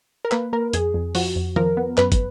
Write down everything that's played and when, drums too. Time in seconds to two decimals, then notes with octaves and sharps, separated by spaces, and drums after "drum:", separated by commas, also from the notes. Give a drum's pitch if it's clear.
0.25 A#4
0.31 A#3 B4, drum: clap
0.53 A#3 A#4
0.73 F2 G#4, drum: hi-hat
0.94 F2
1.15 F3 F#4, drum: open hi-hat
1.36 F2
1.56 F3 A#4, drum: tom D#3
1.77 B3
1.98 F#2 B4, drum: clap
2.12 drum: kick, hi-hat